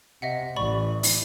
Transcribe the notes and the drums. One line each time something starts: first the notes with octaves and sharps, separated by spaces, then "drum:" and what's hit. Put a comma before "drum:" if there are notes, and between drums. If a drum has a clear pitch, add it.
C3 D#5 E5 F#5
A1 E3 D5 B5 C#6
drum: open hi-hat